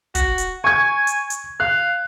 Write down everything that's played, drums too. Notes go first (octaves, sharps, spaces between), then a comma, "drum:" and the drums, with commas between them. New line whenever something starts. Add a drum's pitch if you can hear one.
F#4, drum: kick, hi-hat
drum: hi-hat
G#5 C#6 G#6
drum: hi-hat
drum: hi-hat
F5 F#6